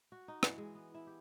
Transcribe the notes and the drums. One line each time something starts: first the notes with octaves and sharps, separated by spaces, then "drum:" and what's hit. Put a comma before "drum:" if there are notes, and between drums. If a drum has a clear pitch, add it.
F#4
D#4
E3, drum: rim click
G#3
B3
E4
G4